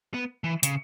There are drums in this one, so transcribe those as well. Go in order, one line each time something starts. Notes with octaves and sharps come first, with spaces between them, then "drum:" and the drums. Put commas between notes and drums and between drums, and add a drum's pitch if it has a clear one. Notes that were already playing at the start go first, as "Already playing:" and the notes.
B3
E3
C#3, drum: hi-hat